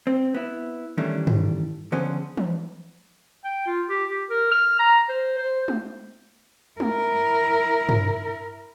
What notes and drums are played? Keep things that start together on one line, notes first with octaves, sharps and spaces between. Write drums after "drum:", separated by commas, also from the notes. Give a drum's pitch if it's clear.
C4
B3 E4
D#3 E3 G3 A3 C#4 D4
drum: tom G2
D3 F3 B3 C#4 G#4 C5
drum: tom E3
G5
F4
G4
G4
A#4
F6
A#5
C5
C5
drum: tom G#3
E4 A#4, drum: tom G#3
drum: tom G2